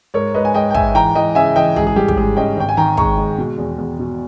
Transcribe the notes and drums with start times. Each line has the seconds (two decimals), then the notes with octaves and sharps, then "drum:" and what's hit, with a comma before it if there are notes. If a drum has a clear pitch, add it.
0.14 G#2 A#4 C#5
0.35 G#2 B4 D#5
0.45 G#5
0.54 G#2 D#5 G5
0.71 G5
0.75 G#2 E5 G#5, drum: kick
0.95 E3 G5 A#5
1.15 E3 D#5 G5
1.35 C#3 E5 G#5
1.56 E3 D#5 G5
1.76 G#2 G#4, drum: tom
1.87 G#4
1.96 G3 G4
2.08 G4, drum: kick
2.17 G#2 G#4
2.37 C#4 D#5 G5
2.57 G#1 G5
2.69 G#5
2.77 D#3 G5 A#5
2.97 G#3 A#5 C#6, drum: kick
3.18 G#3
3.38 B2
3.58 E2
3.78 E2
3.99 B2